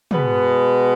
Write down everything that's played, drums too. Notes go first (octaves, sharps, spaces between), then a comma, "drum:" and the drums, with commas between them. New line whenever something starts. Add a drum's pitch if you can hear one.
B2 G#3 B3, drum: tom